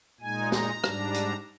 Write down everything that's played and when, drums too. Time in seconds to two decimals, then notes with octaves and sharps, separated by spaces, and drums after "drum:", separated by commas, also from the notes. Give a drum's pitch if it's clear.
0.20 A#2 G#3 D#4 G#5
0.52 A#5, drum: snare
0.84 G#2 G3 D4, drum: rim click
1.14 drum: hi-hat